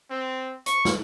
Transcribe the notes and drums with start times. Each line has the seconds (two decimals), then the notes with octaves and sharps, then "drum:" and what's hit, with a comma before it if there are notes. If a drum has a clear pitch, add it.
0.10 C4
0.66 C#6, drum: hi-hat
0.85 drum: snare